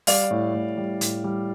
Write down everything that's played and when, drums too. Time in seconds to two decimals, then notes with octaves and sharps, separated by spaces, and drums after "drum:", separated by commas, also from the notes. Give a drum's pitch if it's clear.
0.07 G3 D5 F5, drum: open hi-hat
0.31 A2
0.55 A2
0.77 G3
1.01 A2, drum: hi-hat
1.24 G3